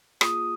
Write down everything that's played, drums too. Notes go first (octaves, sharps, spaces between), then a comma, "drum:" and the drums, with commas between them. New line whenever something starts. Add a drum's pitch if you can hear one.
A#3 F4 G#4 D#6, drum: rim click